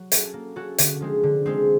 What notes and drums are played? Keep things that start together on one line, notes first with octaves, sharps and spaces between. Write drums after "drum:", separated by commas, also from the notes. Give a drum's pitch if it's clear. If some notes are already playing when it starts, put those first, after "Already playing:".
Already playing: F#3
C#4 F#4 A4, drum: hi-hat
A#3
C#4 F#4 A4
D3, drum: hi-hat
F3 G#3 C4
D3
F3 G#3 C4